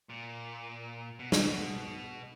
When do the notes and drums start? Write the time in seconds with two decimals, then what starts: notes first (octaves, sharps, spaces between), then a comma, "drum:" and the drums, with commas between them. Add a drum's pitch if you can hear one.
0.10 A#2
1.19 B2
1.32 A#2, drum: snare
1.47 B2